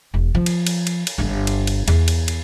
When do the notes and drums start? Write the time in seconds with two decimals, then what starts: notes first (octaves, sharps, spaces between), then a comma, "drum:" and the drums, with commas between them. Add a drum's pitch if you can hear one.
0.14 E1
0.35 F3
0.46 drum: cymbal
0.67 drum: cymbal
0.87 drum: cymbal
1.07 drum: cymbal
1.18 G1 F4
1.47 drum: cymbal
1.67 drum: cymbal
1.88 E2, drum: cymbal
2.08 drum: cymbal
2.28 drum: cymbal